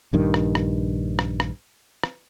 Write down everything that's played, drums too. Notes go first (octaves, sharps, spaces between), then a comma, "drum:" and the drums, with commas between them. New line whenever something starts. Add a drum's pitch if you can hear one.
A#1 G2 D#3
drum: rim click
drum: rim click
drum: rim click
drum: rim click
drum: rim click